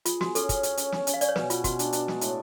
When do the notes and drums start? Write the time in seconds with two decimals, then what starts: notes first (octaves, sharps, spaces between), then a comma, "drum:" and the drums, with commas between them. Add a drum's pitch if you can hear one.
0.05 F4 G#4, drum: hi-hat
0.21 F#4 G#4, drum: snare
0.35 C#4 A4, drum: hi-hat
0.49 C#4, drum: kick, hi-hat
0.63 G#4, drum: hi-hat
0.77 C#4, drum: hi-hat
0.92 C#4, drum: snare
1.07 C#4, drum: hi-hat
1.14 F5
1.21 C#4 D5, drum: hi-hat
1.29 C#5
1.36 B2 B4, drum: snare
1.50 B2 F4, drum: hi-hat
1.64 B2 F#4, drum: kick, hi-hat
1.79 D4, drum: hi-hat
1.93 D4, drum: hi-hat
2.08 G#3, drum: snare
2.21 A2, drum: hi-hat